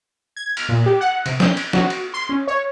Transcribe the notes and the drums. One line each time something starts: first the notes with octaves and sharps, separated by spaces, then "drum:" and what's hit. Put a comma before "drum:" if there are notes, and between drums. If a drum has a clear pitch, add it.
G#6
F6, drum: cymbal
A#2
G4
F#5
C3, drum: cymbal
G6, drum: snare
drum: cymbal
F#4, drum: snare
drum: cymbal
C6
C#4
C#5